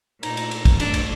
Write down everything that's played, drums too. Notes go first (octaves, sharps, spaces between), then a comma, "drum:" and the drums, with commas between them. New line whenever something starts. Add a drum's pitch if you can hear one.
A#2 A3 D#4, drum: cymbal
drum: cymbal
drum: cymbal
drum: kick, cymbal
G2 D3 A3 D4, drum: cymbal
drum: cymbal